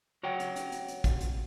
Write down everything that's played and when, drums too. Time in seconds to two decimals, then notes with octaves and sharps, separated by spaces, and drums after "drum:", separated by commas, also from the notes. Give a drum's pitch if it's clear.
0.23 F#4 C#5 F#5 G5
0.40 drum: hi-hat
0.56 drum: hi-hat
0.72 drum: hi-hat
0.88 drum: hi-hat
1.04 drum: kick, hi-hat
1.20 drum: hi-hat